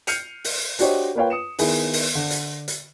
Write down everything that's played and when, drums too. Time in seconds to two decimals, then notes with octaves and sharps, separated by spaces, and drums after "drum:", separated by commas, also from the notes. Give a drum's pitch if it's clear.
0.07 F6 G6 C7 C#7 D#7 F7, drum: hi-hat
0.44 drum: open hi-hat
0.79 D4 F#4 G4 C5 C#5 D#5, drum: hi-hat
1.15 A#3 F4 B4 C#5 F5 G5
1.30 D#6 C#7 E7
1.59 D#3 B3 E4 G#4, drum: open hi-hat
1.93 drum: open hi-hat
2.15 D3
2.30 drum: hi-hat
2.68 drum: hi-hat